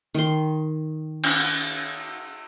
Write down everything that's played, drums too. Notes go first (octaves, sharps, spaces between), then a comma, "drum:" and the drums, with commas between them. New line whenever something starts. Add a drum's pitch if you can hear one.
D#3 C6
drum: cymbal